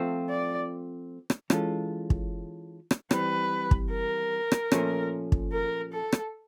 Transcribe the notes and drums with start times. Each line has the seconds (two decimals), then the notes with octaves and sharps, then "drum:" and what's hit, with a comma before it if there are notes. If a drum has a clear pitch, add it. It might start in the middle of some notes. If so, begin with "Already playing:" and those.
Already playing: F3 A3 C4 F4
0.29 D5
1.30 drum: rim click
1.50 E3 G#3 C#4 F4 A4, drum: rim click
2.10 drum: kick
2.91 drum: rim click
3.11 E3 G3 C4 B4, drum: rim click
3.71 drum: kick
3.91 A#4
4.52 drum: rim click
4.72 A#2 F3 A3 C#4, drum: rim click
5.32 drum: kick
5.52 A#4
5.92 A4
6.12 drum: rim click